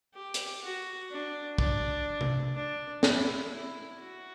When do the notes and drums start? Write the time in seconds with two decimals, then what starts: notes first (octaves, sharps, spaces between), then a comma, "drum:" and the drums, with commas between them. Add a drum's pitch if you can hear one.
0.14 G4
0.34 drum: hi-hat
0.63 F#4
1.11 D4
1.58 D4, drum: kick
2.21 drum: tom C3
2.55 D4
3.03 E4, drum: snare
3.51 E4
3.99 F#4